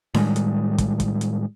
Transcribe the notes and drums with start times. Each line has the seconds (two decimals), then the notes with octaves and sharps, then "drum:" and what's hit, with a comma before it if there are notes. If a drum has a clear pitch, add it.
0.14 A2 D#3 G3 G#3, drum: snare D4
0.36 drum: hi-hat
0.78 drum: kick, hi-hat
1.00 drum: kick, hi-hat
1.21 drum: hi-hat